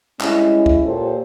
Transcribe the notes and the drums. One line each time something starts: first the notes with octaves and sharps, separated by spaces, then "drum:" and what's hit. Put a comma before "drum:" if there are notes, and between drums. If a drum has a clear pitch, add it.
G2 G#3 C#4 E4, drum: clap
drum: kick
A#2 G4 A4 C5 C#5